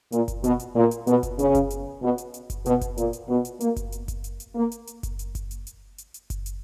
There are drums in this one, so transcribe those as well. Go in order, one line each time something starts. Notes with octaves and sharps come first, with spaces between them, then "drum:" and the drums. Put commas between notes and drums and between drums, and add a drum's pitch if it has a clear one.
A#2, drum: hi-hat
drum: kick F#1, hi-hat
B2, drum: hi-hat
drum: hi-hat
A#2
drum: hi-hat
B2, drum: hi-hat
drum: kick F#1, hi-hat
C#3, drum: hi-hat
drum: kick F#1, hi-hat
drum: hi-hat
B2
drum: hi-hat
drum: hi-hat
drum: kick F#1, hi-hat
B2, drum: hi-hat
drum: kick F#1, hi-hat
A#2, drum: hi-hat
drum: hi-hat
B2
drum: hi-hat
A#3, drum: hi-hat
drum: kick F#1, hi-hat
drum: hi-hat
drum: kick F#1, hi-hat
drum: hi-hat
drum: hi-hat
A#3
drum: hi-hat
drum: hi-hat
drum: kick F#1, hi-hat
drum: hi-hat
drum: kick F#1, hi-hat
drum: hi-hat
drum: hi-hat
drum: hi-hat
drum: hi-hat
drum: kick F#1, hi-hat
drum: hi-hat